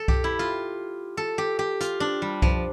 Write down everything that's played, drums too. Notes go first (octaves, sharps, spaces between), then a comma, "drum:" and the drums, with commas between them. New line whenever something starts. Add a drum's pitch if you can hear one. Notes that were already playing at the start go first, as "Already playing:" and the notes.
Already playing: A4
G4, drum: kick C2
E4
F4
A4
G4
G4
F4, drum: hi-hat
D4
G3
F3, drum: kick C2